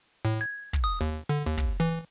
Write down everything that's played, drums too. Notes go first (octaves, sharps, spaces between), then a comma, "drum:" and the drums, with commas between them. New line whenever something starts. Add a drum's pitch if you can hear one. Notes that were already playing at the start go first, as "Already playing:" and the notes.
A2
G#6
drum: kick
D#6
D#2
D3
D#2
drum: kick
E3